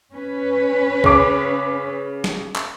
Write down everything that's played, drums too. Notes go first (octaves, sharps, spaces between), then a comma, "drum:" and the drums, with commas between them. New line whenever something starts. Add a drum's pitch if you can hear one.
C#4 B4
C#3 D6, drum: kick C2
drum: snare
drum: clap